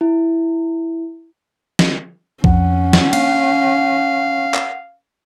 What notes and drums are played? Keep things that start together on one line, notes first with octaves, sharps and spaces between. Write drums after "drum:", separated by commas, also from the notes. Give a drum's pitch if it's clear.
E4
drum: snare
F2 F3 C#4 F#5, drum: kick B1
drum: snare
A#3 D4 F5, drum: cymbal
drum: clap